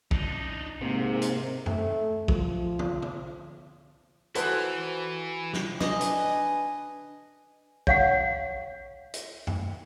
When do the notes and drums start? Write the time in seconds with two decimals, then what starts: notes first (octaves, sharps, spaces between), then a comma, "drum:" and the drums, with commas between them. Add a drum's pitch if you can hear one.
0.11 D4 D#4, drum: kick
0.81 G#2 C3 A#3 C4
1.22 drum: hi-hat
1.66 A3, drum: tom F#2
2.28 F3, drum: kick
2.79 drum: tom
3.02 drum: tom
4.35 E3 F#4 A4 B4 C5, drum: hi-hat
5.54 drum: snare
5.80 D4 B4 D#5 G#5, drum: snare
6.01 drum: hi-hat
7.87 C#5 F5 F#5, drum: kick
9.14 drum: hi-hat
9.47 drum: tom F#2